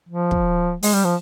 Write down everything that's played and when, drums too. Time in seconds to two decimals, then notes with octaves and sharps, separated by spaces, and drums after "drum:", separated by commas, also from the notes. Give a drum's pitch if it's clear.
0.09 F3
0.31 drum: kick
0.83 G#3, drum: open hi-hat
0.93 G3
1.04 F3